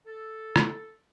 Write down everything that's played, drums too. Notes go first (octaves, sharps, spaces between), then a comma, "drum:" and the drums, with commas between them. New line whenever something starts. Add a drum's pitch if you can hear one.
A4
drum: rim click